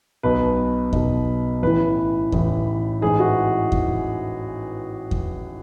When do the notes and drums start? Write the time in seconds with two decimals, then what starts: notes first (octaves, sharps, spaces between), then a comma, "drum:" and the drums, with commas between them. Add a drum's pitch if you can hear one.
0.23 B1 B2 B4
0.93 B1 B2, drum: kick E2
1.62 A1 A2 E3 B4
2.32 A1 A2 E3, drum: kick E2
3.01 A1 G#2 E3 G#4
3.20 F#4
3.72 drum: kick E2
5.11 drum: kick E2